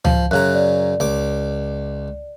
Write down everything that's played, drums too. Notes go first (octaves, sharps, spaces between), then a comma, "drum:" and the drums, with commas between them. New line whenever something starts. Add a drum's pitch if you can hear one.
F3, drum: tom C#2
F#2 C#3 A#5 F#6
D5
C#2 D6